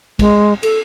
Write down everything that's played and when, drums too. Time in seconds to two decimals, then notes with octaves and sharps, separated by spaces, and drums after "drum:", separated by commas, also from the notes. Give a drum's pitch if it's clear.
0.19 G#3, drum: kick, cymbal
0.63 A4, drum: cymbal